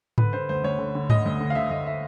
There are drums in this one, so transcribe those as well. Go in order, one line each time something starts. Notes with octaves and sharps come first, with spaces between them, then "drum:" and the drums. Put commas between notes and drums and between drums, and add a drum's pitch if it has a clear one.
D3 B4, drum: tom G#2
D3 C5
D2 C5
D2 C#5
D3
D3
D2 D#5, drum: tom G#2
D2
D3
F5
D3 E5
D2 D#5
E5